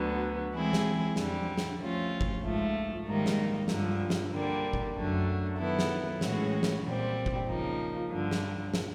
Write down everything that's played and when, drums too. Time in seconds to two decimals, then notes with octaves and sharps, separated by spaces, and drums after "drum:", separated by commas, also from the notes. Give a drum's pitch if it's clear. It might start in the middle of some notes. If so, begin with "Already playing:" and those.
Already playing: D2 D3 F#3 B3
0.53 E3 G#3 C4 E4 G#4
0.73 drum: snare
1.16 F2 D3 G3, drum: snare
1.58 drum: snare
1.78 F3 A3 C#4 F4
2.21 drum: kick G1
2.42 G#2 F3 A3
3.06 G#2 D#3 G3 A#3 D#4
3.26 drum: snare
3.68 G2 D3 F3, drum: snare
4.10 drum: snare
4.31 D3 G3 A#3
4.73 drum: kick G1
4.95 F#2 D3 F#3 A3
5.57 D#3 F#3 B3 E4 A4
5.79 drum: snare
6.21 A2 E3 G#3 C#4 F#4, drum: snare
6.63 drum: snare
6.83 A#2 G3 C4
7.26 drum: kick G1
7.47 C#3 F3 A#3 D#4
8.10 G2 D3 F3
8.31 drum: snare
8.74 drum: snare